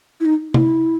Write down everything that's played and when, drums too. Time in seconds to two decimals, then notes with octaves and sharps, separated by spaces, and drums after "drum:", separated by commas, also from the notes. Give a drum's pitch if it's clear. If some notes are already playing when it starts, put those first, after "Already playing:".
0.20 E4
0.25 D#4
0.54 E4, drum: tom C3